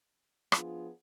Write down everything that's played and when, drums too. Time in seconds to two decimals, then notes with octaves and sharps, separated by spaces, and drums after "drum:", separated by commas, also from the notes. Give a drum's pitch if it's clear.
0.52 F3 B3 D4 F4 G#4, drum: rim click